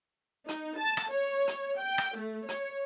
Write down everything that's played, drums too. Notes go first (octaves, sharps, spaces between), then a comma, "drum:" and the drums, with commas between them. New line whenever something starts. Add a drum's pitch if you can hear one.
D#4, drum: hi-hat
A5
drum: rim click
C#5
drum: hi-hat
G5
drum: rim click
A3
C#5, drum: hi-hat